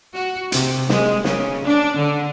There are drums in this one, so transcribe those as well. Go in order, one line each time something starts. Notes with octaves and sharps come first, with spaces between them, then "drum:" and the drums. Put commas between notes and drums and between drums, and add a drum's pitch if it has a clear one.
F#4
C3, drum: hi-hat
G#3, drum: snare
C#3, drum: snare
D4
D3